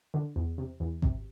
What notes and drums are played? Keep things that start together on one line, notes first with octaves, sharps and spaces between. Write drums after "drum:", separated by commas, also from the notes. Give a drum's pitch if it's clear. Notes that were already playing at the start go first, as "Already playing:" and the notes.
D3
E2
C3
E2
C3, drum: kick G#1